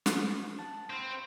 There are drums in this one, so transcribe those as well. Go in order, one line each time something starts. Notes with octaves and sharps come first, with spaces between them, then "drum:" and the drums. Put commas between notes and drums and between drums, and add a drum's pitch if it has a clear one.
D#6, drum: snare
F#5 A5
C4 C5 F5 B5
C#5